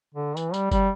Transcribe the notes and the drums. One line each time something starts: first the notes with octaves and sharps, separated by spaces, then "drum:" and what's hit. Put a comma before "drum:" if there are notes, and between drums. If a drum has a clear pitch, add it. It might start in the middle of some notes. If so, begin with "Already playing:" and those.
D3
E3, drum: tambourine
G3, drum: tambourine
G3, drum: kick F#1, tambourine